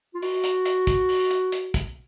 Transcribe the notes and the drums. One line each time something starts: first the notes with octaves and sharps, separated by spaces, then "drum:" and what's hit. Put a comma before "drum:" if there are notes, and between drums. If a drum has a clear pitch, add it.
F4
F#4, drum: open hi-hat
drum: hi-hat
drum: hi-hat
drum: kick, hi-hat
drum: open hi-hat
drum: hi-hat
drum: hi-hat
drum: kick, hi-hat